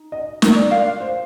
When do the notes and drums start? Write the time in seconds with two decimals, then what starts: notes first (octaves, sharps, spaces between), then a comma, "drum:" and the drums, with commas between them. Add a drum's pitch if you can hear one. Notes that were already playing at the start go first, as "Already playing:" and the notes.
Already playing: D#4
0.12 D#5
0.42 A#4, drum: snare
0.56 D5
0.71 D4 F4 A#4 D5 F5
1.01 C5